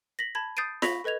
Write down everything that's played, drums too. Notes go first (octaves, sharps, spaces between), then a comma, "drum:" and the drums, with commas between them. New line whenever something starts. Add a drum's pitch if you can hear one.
A#6 B6 F#7
A5 B5 G#6
D#6 G6 A6 C7 D7 D#7
B5 C#6 A#6 B6 F7, drum: snare F4
A4 B4 D#5 G#6 F7